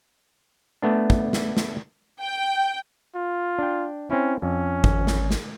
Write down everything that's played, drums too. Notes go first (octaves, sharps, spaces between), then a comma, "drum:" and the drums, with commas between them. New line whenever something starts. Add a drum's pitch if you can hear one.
A3 B3 D4
drum: kick
drum: snare
drum: snare
G5
F4
D4 G5
C4 C#4 E4
F2 C#4
G#1, drum: kick
drum: snare
drum: snare